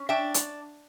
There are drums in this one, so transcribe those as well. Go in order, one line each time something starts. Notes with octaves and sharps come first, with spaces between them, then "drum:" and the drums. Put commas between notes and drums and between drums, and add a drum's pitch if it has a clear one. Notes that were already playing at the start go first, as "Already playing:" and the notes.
Already playing: C#4
D4 E5 G5
drum: hi-hat